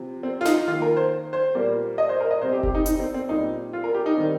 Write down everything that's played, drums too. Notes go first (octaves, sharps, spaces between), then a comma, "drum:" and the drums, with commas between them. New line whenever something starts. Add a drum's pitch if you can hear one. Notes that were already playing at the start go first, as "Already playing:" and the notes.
Already playing: C3 F3
C4
F4
D#4, drum: snare
D#3 A#3 F4
A#4
C5
C5
A#2 G3 A#3
D#5
C5
A#4
D#5
C3 G3 C4 C5
G4
G4, drum: kick F#1
D#4
D#4, drum: hi-hat
C4
C4
A#2 G3 C4 D#4
F4
A#4
G4
D#4
D#3 G3 C4